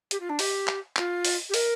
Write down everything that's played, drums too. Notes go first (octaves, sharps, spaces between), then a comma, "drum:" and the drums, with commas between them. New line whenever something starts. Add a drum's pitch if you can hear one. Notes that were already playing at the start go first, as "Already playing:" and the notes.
G4, drum: hi-hat
F4
D4
G4, drum: open hi-hat
drum: clap
F4, drum: clap
drum: open hi-hat
G4
A#4, drum: open hi-hat